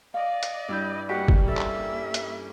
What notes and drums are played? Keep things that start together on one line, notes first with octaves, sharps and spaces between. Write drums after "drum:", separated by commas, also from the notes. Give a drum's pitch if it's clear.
D5 D#5 F5
drum: hi-hat
G2 E4 G6
G3 A#3 C#4 F#4 G4 D#5 F#5
drum: kick
A4 E5
drum: clap
drum: hi-hat